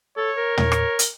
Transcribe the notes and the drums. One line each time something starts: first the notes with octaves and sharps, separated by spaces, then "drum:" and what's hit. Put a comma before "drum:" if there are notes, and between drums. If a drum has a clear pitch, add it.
A4 C#5
A#4
C#5, drum: tom
drum: rim click
drum: hi-hat